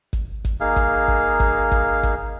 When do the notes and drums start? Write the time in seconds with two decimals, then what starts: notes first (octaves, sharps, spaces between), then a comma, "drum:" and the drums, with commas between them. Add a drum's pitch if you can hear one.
0.13 drum: kick G1, hi-hat
0.45 drum: kick G1, hi-hat
0.60 A#3 D#4 G#4 F5
0.76 drum: kick G1, hi-hat
1.08 drum: kick G1
1.40 drum: kick G1, hi-hat
1.72 drum: kick G1, hi-hat
2.03 drum: kick G1, hi-hat